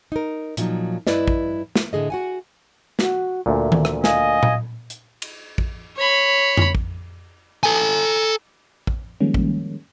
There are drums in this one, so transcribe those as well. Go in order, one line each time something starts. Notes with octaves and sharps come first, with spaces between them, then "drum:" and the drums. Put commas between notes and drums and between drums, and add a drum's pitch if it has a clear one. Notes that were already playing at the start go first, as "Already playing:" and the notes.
D#4 A#4
A#2 F3 F#3 D#4, drum: hi-hat
G2 E4 B4 D5 D#5, drum: snare
drum: kick
drum: snare
A2 D3 G#4 D#5
F#4 F#5 G#5
F#4, drum: snare
D2 A#2 E5
drum: tom D#3
drum: rim click
D#5 F5 G#5, drum: snare
drum: tom A#2
drum: hi-hat
drum: cymbal
drum: kick
C#5 B5
drum: tom F2
drum: kick
A4 G#5, drum: tambourine
drum: kick
D#3 F3 G3 G#3 A#3 C#4
drum: kick